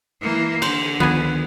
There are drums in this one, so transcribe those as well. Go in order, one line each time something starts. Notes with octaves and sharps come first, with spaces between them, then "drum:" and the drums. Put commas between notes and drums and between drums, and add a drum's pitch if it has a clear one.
E3 A#3
D3 C5, drum: cymbal
D2 D#3 F3 B3 G#5